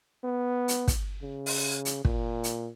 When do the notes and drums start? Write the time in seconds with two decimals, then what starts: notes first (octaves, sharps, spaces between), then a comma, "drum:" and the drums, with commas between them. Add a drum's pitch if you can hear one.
0.24 B3
0.68 drum: hi-hat
0.88 drum: kick, hi-hat
1.22 C#3
1.46 drum: open hi-hat
1.85 drum: hi-hat
2.05 A#2, drum: kick
2.44 drum: hi-hat